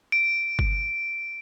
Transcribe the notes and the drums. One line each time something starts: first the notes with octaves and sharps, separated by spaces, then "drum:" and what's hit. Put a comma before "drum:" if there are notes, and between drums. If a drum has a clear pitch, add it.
D7
drum: kick G1